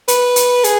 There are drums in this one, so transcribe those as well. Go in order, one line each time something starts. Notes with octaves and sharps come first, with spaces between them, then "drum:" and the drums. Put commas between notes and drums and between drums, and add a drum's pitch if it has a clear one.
B4, drum: hi-hat
drum: hi-hat
G#4, drum: hi-hat